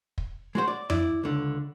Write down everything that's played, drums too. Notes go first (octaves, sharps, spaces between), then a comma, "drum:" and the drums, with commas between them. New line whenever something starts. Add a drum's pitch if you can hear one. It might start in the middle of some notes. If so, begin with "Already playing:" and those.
drum: kick
G#3 F#4 C5
D5
E4 D5, drum: tom F2
C#2 D3